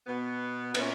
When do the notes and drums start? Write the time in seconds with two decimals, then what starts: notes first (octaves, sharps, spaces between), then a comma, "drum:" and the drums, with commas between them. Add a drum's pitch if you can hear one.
0.07 B2 B3
0.75 B3, drum: cymbal
0.79 A#2 C#4